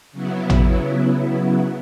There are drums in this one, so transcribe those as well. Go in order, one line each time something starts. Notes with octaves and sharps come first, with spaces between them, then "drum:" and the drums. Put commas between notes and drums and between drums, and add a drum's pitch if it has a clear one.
C#3 F#3 B3 E4
drum: tom